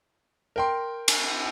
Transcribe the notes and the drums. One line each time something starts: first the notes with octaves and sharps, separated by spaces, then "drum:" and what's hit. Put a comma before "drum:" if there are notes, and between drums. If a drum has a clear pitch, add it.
A#4 G5 C6
drum: cymbal